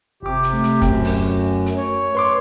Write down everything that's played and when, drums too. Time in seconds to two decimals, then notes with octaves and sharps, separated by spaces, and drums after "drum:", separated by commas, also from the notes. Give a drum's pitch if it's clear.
0.23 G1 C3 G4 D6
0.43 drum: hi-hat
0.53 A3
0.64 drum: hi-hat
0.82 F#2, drum: kick, hi-hat
1.05 drum: open hi-hat
1.66 drum: hi-hat
1.77 C#5
2.15 B4 C6 D6